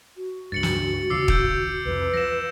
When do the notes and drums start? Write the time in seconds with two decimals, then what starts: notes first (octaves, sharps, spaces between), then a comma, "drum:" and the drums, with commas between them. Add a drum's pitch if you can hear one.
0.17 F#4
0.52 C#2 G2 A6 C#7 F#7
0.63 drum: snare
1.10 D#2 C#3 F3 D6 E6 C7
1.28 E6 G6 D7, drum: kick
1.85 C2 F2 B4
2.14 F3 A#6 E7